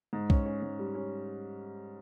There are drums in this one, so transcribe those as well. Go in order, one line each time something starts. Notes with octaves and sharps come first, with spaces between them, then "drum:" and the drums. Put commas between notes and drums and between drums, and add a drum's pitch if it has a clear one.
G#2
C#4, drum: kick
C#4
G#2
G3
C#4